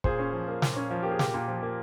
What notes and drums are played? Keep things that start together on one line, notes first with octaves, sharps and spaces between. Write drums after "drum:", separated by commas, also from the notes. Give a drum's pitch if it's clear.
A#2 G#4 C5, drum: kick
C#4
F3
A#3
A#2, drum: snare
C#4
F3
A#3 G4
G#4
A#2 G4 A#4, drum: snare
A#2
F3
A#3